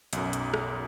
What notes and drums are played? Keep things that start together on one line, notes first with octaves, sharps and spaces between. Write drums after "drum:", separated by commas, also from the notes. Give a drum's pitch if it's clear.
B1 F#2, drum: hi-hat
drum: hi-hat
drum: rim click